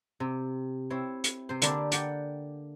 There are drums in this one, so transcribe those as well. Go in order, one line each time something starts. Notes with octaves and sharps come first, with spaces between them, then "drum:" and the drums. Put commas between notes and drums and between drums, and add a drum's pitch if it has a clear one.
C3
C4 E4 C#5
drum: hi-hat
C3 C5
D3 A#3 D4 G4 A5 B5, drum: hi-hat
D5 F#5 G5, drum: hi-hat